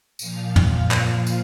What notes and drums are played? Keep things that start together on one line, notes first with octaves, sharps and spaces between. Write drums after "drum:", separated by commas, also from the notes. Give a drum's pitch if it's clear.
A#2 F3 F5, drum: tambourine
A#2 F3, drum: tom
drum: clap
drum: tambourine